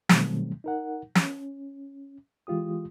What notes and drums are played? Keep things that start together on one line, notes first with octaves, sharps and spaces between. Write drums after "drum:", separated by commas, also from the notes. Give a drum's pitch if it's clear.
B2 D#3 F#3 G3 A3 C4, drum: snare
D#4 A#4 F#5
C#4, drum: snare
E3 G#3 F4 G4 D#6